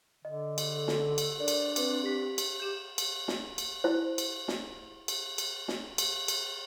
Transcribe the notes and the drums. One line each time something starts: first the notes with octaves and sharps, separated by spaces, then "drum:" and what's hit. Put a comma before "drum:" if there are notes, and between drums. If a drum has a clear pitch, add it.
D3 D#5
drum: cymbal
A4
drum: snare
drum: cymbal
D4 A#4 D5
drum: cymbal
C4 B4 D6, drum: cymbal
G4 B6
drum: cymbal
G4 G6 E7
drum: cymbal
drum: snare
drum: cymbal
E4 C5
drum: cymbal
drum: snare
drum: cymbal
drum: cymbal
drum: snare
drum: cymbal
drum: cymbal